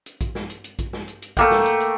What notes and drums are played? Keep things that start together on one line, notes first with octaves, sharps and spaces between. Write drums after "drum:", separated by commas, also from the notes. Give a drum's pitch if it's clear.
drum: hi-hat
drum: kick A#1, hi-hat
drum: snare
drum: hi-hat
drum: hi-hat
drum: kick A#1, hi-hat
drum: snare
drum: hi-hat
drum: hi-hat
A3 A#3 G5, drum: kick A#1, hi-hat
drum: snare
drum: hi-hat
drum: hi-hat